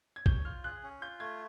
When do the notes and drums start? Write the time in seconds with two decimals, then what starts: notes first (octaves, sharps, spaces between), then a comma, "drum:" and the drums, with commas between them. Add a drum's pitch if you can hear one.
0.16 G#6
0.26 C#5 G6, drum: kick A#1
0.45 F4 F6
0.64 G#4 F#6
0.83 C#4
1.01 F4 G6
1.20 A3 G#6